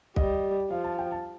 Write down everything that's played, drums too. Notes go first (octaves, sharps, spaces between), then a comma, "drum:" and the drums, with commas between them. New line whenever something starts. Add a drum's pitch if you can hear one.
G3 D#5, drum: kick
F3 F5
A5
G5
A5